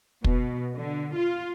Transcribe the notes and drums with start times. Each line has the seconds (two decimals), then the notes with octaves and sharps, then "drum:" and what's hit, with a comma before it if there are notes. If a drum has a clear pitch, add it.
0.24 B2, drum: kick
0.76 D3
1.16 F4